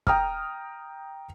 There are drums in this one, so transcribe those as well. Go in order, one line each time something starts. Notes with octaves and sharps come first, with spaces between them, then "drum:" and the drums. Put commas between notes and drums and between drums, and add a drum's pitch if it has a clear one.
G5 A#5 D#6 F6, drum: kick